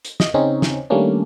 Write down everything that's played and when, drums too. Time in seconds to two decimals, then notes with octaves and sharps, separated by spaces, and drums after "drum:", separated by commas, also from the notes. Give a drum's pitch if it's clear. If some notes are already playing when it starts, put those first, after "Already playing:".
0.05 drum: hi-hat
0.20 D#5, drum: snare
0.34 C#3 C4 C#4 D#4
0.62 drum: snare
0.90 D#3 G3 A3 A#3 C#4 D4